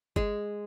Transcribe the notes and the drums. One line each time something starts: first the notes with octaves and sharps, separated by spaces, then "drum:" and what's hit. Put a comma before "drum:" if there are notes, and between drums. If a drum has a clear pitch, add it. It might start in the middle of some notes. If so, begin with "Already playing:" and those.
G#3, drum: kick